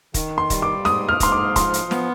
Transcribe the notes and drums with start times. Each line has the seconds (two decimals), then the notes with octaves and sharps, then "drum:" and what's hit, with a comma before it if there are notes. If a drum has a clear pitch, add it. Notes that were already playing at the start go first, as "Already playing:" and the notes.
0.14 D#3, drum: kick, hi-hat
0.38 C6
0.50 G3, drum: kick, hi-hat
0.62 D6
0.85 G#2 D#6, drum: snare
1.09 F6
1.20 G#2 C6, drum: kick, hi-hat
1.32 D6
1.56 F3 C6, drum: kick, hi-hat
1.74 drum: hi-hat
1.91 B3, drum: snare